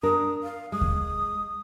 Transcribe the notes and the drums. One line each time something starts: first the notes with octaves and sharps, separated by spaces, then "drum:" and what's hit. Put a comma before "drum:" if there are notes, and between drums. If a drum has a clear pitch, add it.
D4 A#4 D#6
F5
G#3 D#6
drum: kick D#2